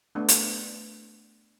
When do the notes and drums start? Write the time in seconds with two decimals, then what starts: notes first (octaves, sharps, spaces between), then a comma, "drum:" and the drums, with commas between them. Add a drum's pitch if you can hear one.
0.15 A3 B3 D4
0.28 drum: hi-hat